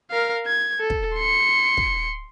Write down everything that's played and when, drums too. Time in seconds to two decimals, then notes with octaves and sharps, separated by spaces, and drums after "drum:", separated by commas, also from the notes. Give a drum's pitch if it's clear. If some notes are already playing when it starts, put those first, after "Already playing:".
0.11 A#4 F5
0.46 G#6
0.79 A4
0.90 drum: kick
1.15 C6 C#7
1.77 drum: kick